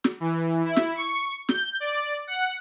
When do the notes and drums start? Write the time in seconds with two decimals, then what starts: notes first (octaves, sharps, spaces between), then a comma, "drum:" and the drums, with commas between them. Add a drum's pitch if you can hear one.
0.04 drum: snare
0.20 E3
0.65 E4
0.76 drum: snare
0.95 C#6
1.49 G6, drum: snare
1.80 D5
2.27 F#5